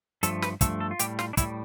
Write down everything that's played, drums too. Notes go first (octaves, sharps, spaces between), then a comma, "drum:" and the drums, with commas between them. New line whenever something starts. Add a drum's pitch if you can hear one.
G2 F3 A3 A4, drum: hi-hat
B4, drum: snare
G2 F3 A3 A4, drum: kick, hi-hat
A4
F4
A2 G3 G4, drum: hi-hat
F4, drum: snare
D4
A2 G3 E4, drum: kick, hi-hat